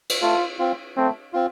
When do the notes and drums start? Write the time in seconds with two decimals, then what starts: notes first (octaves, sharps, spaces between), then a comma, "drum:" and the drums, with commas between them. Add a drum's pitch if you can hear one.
0.09 drum: cymbal
0.22 A3 F4
0.59 C4 F4
0.97 A3 C4
1.33 C4 F4